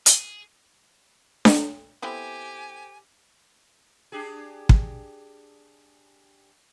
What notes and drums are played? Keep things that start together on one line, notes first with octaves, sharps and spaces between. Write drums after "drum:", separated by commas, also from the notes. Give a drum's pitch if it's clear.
G#4, drum: hi-hat
drum: snare D4
B3 C4 E4 G4 A4 C5 G5 G#5
D4 G4 G#4
drum: kick